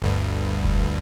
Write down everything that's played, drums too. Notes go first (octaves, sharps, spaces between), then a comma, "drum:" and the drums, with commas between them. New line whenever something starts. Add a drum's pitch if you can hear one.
G1 D2 G2
drum: kick F1